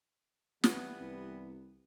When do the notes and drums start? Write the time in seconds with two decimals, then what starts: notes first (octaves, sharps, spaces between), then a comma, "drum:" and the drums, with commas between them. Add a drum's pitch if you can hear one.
0.64 E3 G3 B3, drum: snare
1.01 C2